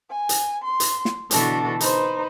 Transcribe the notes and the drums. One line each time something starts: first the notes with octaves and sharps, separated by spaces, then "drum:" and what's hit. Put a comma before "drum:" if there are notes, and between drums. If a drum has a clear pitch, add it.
G#5
drum: hi-hat
C6
drum: hi-hat
drum: snare
B2 D3 E3 D4 F#4 A4, drum: hi-hat
D#4 B4 C5, drum: hi-hat